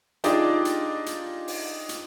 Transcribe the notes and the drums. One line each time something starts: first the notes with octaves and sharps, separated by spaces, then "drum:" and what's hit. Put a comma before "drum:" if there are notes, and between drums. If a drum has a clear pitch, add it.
D4 D#4 F4 G4 G#4 D5, drum: hi-hat
drum: hi-hat
drum: hi-hat
drum: open hi-hat
drum: hi-hat